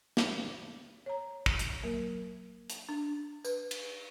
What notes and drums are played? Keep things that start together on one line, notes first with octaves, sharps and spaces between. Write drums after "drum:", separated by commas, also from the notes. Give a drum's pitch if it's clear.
D6, drum: snare
C#5 A#5
drum: kick
drum: hi-hat
F#3 A#3 A#4
drum: hi-hat
D4
B4, drum: tambourine
drum: cymbal